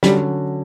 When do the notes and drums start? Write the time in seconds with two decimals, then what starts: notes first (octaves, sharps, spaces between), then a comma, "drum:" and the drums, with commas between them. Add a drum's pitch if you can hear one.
0.03 D3 F#3 G3 C#4, drum: snare